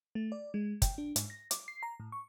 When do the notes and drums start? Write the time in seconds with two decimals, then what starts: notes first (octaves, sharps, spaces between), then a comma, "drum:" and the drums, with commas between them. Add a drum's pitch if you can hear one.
0.15 A3
0.32 D5
0.54 G#3
0.82 G5, drum: kick, hi-hat
0.98 D4
1.16 G#2, drum: hi-hat
1.30 A#6
1.51 D6, drum: hi-hat
1.68 C7
1.83 A#5
2.00 A2
2.12 C#6